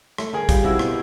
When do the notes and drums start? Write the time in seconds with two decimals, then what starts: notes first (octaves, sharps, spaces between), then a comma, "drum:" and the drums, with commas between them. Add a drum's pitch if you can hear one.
0.18 A3, drum: rim click
0.33 D3 G#4 A#4
0.49 G3 F4 G4, drum: kick, hi-hat
0.64 C3 E4 F#4
0.79 B2, drum: rim click